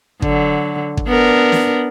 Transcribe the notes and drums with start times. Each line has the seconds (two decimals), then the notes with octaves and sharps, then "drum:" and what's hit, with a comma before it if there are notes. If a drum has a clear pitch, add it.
0.22 D3 F#3, drum: kick
0.97 drum: kick
1.07 B3 D4 A#4
1.52 drum: snare